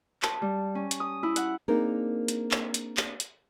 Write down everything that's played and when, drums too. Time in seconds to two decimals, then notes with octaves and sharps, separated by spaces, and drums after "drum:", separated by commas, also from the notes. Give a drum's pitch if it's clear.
0.22 A5, drum: clap
0.42 G3
0.75 C#4
0.91 drum: hi-hat
1.00 D#6
1.23 E4
1.36 F#5, drum: hi-hat
1.68 A#3 C4 D4 D#4 G#4 A#4
2.28 drum: hi-hat
2.51 drum: clap
2.74 drum: hi-hat
2.97 drum: clap
3.20 drum: hi-hat